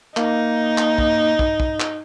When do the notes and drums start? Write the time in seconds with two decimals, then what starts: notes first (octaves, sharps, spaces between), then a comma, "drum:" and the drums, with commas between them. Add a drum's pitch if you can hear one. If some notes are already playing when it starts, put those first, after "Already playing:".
0.17 A#3 D#4, drum: clap
0.78 drum: clap
0.98 drum: kick
1.39 drum: kick
1.60 drum: kick
1.80 drum: clap